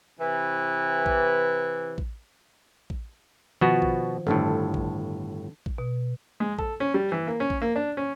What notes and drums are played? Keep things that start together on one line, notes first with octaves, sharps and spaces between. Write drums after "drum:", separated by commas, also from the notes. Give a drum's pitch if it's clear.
C3 E3
drum: kick A1
drum: kick A1
drum: kick A1
B2 D#3 F3 B3 F#4
drum: kick A1
G1 A2 D#3 D4 A4
drum: kick A1
drum: kick A1
B2
G#3
A4, drum: kick A1
C#4
G3
E3
A#3
C#4
drum: kick A1
A#3
D4
C#4